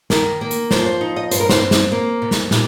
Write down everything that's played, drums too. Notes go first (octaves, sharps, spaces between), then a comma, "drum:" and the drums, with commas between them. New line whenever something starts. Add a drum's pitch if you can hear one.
D#3 A#4, drum: snare
A#3
drum: hi-hat
F3 C5, drum: snare
C5
D#4
D#5
G2 C5, drum: hi-hat
A#4
C5, drum: snare
C4
drum: snare
A#3
C3
drum: snare
A#2 G4, drum: snare